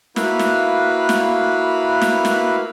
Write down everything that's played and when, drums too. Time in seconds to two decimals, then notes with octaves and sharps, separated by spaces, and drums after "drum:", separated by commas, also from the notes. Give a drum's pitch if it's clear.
0.16 A#3 E4 F#4 B4 F5 B5, drum: snare
0.40 drum: snare
1.09 drum: snare
2.02 drum: snare
2.25 drum: snare